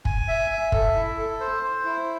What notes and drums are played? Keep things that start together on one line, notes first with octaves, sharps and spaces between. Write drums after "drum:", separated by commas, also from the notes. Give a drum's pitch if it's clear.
G#5, drum: kick
E5
E5
A4, drum: kick
E4
A4
C5
C5
E4